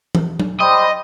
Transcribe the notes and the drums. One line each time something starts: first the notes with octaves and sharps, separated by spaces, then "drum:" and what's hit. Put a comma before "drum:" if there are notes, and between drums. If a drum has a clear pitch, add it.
drum: tom E3
drum: tom F#3
G3 C5 D#5 B5